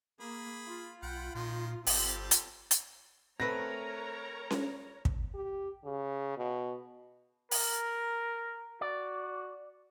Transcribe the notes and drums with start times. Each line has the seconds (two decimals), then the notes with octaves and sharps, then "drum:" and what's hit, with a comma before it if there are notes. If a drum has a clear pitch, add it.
0.20 A#3 G#4 B5
0.66 F4
1.02 B1 F#5 G5 B5
1.35 A#2 D#3 F3 C6
1.87 G1 G3 C4 F4 G4 A4, drum: open hi-hat
2.31 drum: hi-hat
2.71 drum: hi-hat
3.40 A3 C4 A#4 B4 C#5 A#5 A#6
4.51 drum: snare C#4
5.05 drum: kick
5.35 G4
5.85 C#3
6.37 B2
7.51 A#4, drum: open hi-hat
8.81 F#4 D5